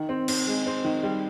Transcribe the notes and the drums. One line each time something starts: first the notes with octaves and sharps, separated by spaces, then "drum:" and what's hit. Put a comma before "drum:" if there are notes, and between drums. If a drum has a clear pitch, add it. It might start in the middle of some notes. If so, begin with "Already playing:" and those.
Already playing: D#3
C4
C4, drum: cymbal
G#3
C4
D#3
G3